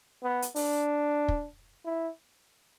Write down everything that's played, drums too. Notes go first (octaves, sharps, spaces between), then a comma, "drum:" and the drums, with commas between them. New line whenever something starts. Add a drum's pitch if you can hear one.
B3
drum: hi-hat
D4, drum: open hi-hat
drum: kick
E4